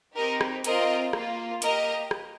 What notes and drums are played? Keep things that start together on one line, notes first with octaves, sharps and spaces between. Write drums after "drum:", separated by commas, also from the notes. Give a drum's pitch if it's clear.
C4 D#4 G4 A#4 D#5
drum: rim click
C4 F4 A#4 D#5, drum: hi-hat
A#3 F4, drum: rim click
A#3 G4 A#4 D#5, drum: hi-hat
drum: rim click